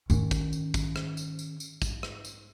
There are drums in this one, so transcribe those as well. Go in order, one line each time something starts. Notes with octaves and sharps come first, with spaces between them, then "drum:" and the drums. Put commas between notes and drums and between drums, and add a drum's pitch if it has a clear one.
D#3 C#4, drum: tambourine
drum: kick, tambourine
drum: tambourine
drum: kick, tambourine
drum: rim click
drum: tambourine
drum: tambourine
drum: tambourine
drum: kick, tambourine
drum: rim click
drum: tambourine